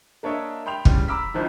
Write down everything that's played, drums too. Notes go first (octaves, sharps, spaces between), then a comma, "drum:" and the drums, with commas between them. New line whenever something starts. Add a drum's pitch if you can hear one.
A#3 D4 C#5 D#5 E5
G5 B5 C6 G6 F7
E2 C#3 G3, drum: kick
A#5 B5 D6 E6 F6 B6
G#1 A2 D#3 F3 D4